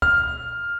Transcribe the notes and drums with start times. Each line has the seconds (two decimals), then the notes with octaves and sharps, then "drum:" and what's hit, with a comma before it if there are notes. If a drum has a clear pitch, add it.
0.02 F6, drum: kick